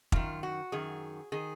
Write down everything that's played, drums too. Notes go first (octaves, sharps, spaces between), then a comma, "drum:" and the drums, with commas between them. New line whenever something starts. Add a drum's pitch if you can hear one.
F#2 D#3 F4, drum: kick
F#4
F#2 D#3 G#4
D#3 G#4